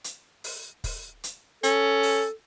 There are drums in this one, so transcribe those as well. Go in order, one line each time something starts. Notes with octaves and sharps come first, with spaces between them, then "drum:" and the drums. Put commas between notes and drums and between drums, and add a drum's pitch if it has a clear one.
drum: hi-hat
drum: open hi-hat
drum: kick, open hi-hat
drum: hi-hat
C#4 A4, drum: hi-hat
drum: open hi-hat